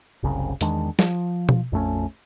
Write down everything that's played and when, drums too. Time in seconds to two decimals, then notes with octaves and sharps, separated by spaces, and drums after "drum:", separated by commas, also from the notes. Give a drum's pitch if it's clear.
0.23 F#1 C2 C#3
0.61 E2 D#3 G#3 D4, drum: hi-hat
0.99 F3, drum: snare
1.49 drum: tom B2
1.72 A#1 F2 A3 C#4